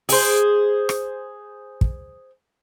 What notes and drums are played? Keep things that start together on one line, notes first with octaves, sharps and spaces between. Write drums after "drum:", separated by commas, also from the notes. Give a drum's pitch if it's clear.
G#4 C5, drum: open hi-hat
drum: rim click
drum: kick